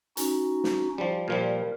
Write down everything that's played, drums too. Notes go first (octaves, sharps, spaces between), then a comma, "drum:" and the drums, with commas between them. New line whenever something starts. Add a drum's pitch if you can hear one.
C#4 D#4 F#4, drum: hi-hat
drum: snare
F3 G3
A#2 F3 G3 A#4